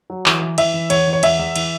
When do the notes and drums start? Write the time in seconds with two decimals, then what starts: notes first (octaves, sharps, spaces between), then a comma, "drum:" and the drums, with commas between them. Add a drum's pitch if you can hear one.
0.10 F#3
0.26 E3, drum: clap
0.41 E3
0.58 E3 E5, drum: cymbal
0.74 E3
0.90 E2 C#5, drum: cymbal
1.07 E3
1.13 C#5
1.23 E2 E5, drum: cymbal
1.39 E2
1.56 E3, drum: cymbal